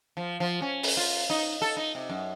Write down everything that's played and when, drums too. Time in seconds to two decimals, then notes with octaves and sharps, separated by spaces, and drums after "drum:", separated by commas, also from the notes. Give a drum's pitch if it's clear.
0.17 F3
0.40 F3
0.62 C#4
0.83 drum: open hi-hat
0.97 F4
1.30 D#4
1.62 A4
1.77 D#4
1.95 C3
2.10 F#2